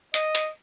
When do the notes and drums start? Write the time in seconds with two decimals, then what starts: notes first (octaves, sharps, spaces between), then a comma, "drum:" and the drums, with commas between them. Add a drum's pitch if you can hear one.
0.14 D#5, drum: hi-hat
0.35 drum: hi-hat